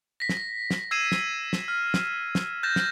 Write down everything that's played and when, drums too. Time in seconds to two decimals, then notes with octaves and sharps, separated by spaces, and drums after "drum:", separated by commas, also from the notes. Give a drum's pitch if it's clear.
0.20 A#6 B6
0.29 drum: snare
0.71 drum: snare
0.91 E6 G#6 C7 D#7 E7
1.12 drum: snare
1.53 drum: snare
1.68 F6
1.94 drum: snare
2.35 drum: snare
2.63 F#6 G6 A6 A#6 E7
2.76 drum: snare